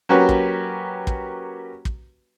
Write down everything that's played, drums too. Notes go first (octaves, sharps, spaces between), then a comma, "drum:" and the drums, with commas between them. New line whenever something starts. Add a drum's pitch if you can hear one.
F#3 A#3 C#4 F#4 G4 B4
drum: kick
drum: kick
drum: kick